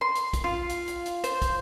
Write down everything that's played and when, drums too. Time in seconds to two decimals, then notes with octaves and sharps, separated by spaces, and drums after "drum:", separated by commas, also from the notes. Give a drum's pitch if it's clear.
0.01 C6
0.15 drum: hi-hat
0.33 drum: kick, hi-hat
0.44 F4
0.69 drum: hi-hat
0.88 drum: hi-hat
1.06 drum: hi-hat
1.24 C5, drum: hi-hat
1.42 drum: kick, hi-hat